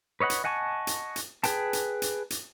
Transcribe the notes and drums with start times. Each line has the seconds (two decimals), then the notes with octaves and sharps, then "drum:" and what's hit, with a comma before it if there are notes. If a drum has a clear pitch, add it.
0.20 B4 C#5 D#5 F#5 B5
0.30 drum: hi-hat
0.44 D#5 F#5 G#5 A5 C#6
0.87 drum: hi-hat
1.16 drum: hi-hat
1.43 G#4 B4 G5 A5, drum: hi-hat
1.73 drum: hi-hat
2.02 drum: hi-hat
2.30 drum: hi-hat